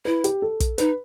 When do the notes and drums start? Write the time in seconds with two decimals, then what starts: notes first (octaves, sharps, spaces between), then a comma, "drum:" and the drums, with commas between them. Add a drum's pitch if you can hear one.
0.05 E4 B4
0.24 G4, drum: hi-hat
0.42 A4
0.60 drum: kick, hi-hat
0.78 D#4 B4, drum: hi-hat